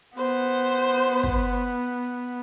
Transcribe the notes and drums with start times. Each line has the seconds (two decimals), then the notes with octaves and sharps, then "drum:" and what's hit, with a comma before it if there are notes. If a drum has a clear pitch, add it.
0.17 B3 C5
1.23 drum: kick